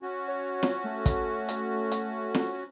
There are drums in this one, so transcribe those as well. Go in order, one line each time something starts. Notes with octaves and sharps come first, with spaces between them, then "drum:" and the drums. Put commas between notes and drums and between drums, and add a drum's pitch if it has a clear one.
C#4 F#4
C#5
drum: snare
A3
drum: kick, hi-hat
drum: hi-hat
drum: hi-hat
drum: snare